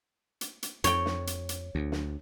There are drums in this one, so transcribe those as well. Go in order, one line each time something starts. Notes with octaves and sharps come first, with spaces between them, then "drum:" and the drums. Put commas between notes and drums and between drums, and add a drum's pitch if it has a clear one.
drum: hi-hat
drum: hi-hat
F2 C#5 G5, drum: hi-hat
drum: snare
drum: hi-hat
drum: hi-hat
D2
drum: snare